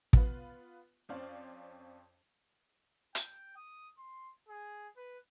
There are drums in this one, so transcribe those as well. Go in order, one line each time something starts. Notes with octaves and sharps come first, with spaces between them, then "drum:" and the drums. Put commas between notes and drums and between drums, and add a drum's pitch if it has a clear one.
B3 F4 B4, drum: kick
F2 C#4 C5 D5 F5
G5, drum: hi-hat
D#6
C6
G#4
B4